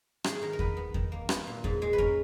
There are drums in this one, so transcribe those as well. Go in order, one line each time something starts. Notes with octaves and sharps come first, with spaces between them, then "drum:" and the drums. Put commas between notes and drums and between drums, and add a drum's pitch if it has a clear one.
G#2 G#4, drum: rim click
G#4
D#3 A#4
A#4
B3 B4, drum: kick E2
B3
D#3, drum: kick E2
A#3
B3, drum: rim click
A#2
G#2, drum: kick E2
G#3
B4
C#4 A#4, drum: kick E2